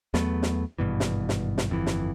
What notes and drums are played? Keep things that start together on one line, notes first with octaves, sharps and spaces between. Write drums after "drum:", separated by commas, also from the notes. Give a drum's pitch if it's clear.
E2 F#3 A3 B3, drum: snare
drum: snare
G#1 G2 B2 E3
drum: snare
drum: snare
drum: snare
G1 F2 G#2 E3
drum: snare